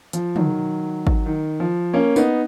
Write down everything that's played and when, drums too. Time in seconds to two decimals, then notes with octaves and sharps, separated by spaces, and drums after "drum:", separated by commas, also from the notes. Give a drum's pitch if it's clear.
0.13 F3, drum: hi-hat
0.36 D#3 F#3, drum: tom
1.07 drum: kick
1.26 D#3
1.60 F3
1.93 A#3 C#4
2.16 B3 D#4, drum: tambourine